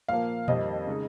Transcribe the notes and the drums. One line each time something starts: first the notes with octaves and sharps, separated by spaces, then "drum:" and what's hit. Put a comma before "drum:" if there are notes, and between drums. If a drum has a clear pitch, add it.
A#2 F3 A#3 F5
F2 D#3 G3 C4 D#5, drum: tom A#2
C#3 G#3 D#4